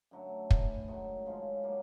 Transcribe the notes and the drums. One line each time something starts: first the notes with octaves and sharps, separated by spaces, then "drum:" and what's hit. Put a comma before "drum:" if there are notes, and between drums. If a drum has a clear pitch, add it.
F#2 D3 F#3 A3
A2 E3 A3, drum: kick
G#2 D#3 F#3 A3
C#3 F3 G#3 C#4
A2 F#3 A#3